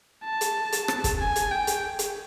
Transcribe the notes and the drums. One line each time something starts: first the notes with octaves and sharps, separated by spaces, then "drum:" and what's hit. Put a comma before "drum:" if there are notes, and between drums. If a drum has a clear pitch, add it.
A5
drum: hi-hat
drum: hi-hat
drum: rim click
drum: kick, hi-hat
G#5
drum: hi-hat
G5
drum: hi-hat
drum: hi-hat